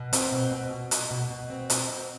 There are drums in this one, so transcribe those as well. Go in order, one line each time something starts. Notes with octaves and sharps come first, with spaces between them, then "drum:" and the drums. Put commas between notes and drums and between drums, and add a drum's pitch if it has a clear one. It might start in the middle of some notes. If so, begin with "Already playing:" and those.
Already playing: B2
C4, drum: hi-hat
B2
B2
B2
B2, drum: hi-hat
B2
B2
C4
B2, drum: hi-hat
C4